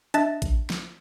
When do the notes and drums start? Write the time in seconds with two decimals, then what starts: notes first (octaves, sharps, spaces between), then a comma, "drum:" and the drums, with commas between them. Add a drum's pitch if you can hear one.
0.14 D4 D#5 E5 A5 F#6 A6, drum: hi-hat
0.42 drum: kick A1, hi-hat
0.70 drum: snare